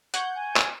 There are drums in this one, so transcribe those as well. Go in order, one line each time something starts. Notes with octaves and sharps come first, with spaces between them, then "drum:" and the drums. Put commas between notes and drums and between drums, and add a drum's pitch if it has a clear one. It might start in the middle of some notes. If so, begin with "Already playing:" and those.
F#5 C#6 G6 G#6, drum: hi-hat
G#5
drum: clap